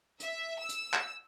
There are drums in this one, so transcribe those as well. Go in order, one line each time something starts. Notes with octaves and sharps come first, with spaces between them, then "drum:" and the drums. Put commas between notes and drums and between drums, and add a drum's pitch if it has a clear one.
E5, drum: hi-hat
E6
drum: hi-hat
drum: clap